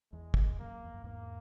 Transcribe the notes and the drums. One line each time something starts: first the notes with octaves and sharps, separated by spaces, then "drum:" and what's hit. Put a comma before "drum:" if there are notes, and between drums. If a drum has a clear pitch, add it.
E2 G#3
drum: kick
F#2 A#3
E2
F#2
E2 G#2 A#3